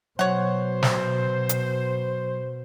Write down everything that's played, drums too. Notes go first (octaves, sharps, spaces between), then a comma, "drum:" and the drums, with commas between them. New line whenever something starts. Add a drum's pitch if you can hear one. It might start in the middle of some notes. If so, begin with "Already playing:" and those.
B2 F#3 C5 C#5 F#5
drum: snare
drum: hi-hat